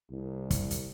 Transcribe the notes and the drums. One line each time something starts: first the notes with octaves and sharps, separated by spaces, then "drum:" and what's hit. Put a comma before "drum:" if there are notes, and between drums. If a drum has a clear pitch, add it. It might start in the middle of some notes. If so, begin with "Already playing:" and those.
C2
drum: kick, hi-hat
drum: hi-hat